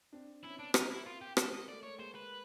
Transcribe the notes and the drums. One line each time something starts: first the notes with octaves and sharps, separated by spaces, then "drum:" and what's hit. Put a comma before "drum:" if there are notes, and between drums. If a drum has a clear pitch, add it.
C4 D4
B3 C#4 E4
D4
A#3 C4 D#4, drum: rim click
E4
F4
G4
G#3 A#3 A4, drum: rim click
D#5
A3 D5
A3 C#5
G#3 A#3 C5
B4